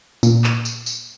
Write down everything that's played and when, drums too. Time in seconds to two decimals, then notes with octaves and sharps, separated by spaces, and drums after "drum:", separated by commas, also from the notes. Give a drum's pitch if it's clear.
0.23 A#2, drum: tambourine
0.44 drum: clap
0.65 drum: tambourine
0.86 drum: tambourine